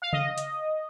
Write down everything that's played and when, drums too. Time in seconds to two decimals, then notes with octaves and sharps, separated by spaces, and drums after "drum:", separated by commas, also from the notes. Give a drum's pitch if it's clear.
0.02 F5
0.13 D#5, drum: tom C#3
0.38 drum: hi-hat